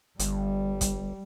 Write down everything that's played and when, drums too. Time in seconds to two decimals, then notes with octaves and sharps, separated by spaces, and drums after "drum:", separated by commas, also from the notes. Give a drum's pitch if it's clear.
0.19 G1 G3, drum: hi-hat
0.81 drum: kick, hi-hat